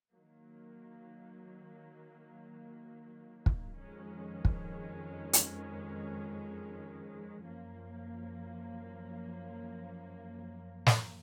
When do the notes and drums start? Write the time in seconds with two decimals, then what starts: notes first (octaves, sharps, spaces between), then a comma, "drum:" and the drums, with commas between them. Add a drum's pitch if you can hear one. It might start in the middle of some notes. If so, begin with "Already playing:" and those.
0.12 D#3 F#3 A#3
3.46 drum: kick
3.78 F2 D#3 G#3 C#4
4.45 drum: kick
5.33 drum: hi-hat
7.45 F#2 F3 A#3
10.86 drum: snare